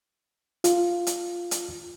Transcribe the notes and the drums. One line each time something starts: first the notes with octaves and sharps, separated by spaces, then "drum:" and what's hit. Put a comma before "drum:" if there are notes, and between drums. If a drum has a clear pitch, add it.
F4, drum: hi-hat
drum: hi-hat
drum: hi-hat